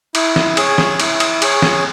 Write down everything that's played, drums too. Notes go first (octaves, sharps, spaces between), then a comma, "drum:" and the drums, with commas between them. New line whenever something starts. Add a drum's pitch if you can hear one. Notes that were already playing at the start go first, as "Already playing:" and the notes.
E4, drum: cymbal
drum: snare
G#4 C#5, drum: cymbal
drum: snare
E4, drum: cymbal
drum: cymbal
G#4 C#5, drum: cymbal
drum: snare